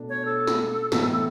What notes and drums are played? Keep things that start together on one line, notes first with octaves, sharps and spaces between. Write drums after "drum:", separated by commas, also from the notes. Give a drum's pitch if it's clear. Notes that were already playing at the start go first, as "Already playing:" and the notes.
Already playing: B2 A3 D4
C#5
A4
drum: snare
A2 E3 B3 E4, drum: snare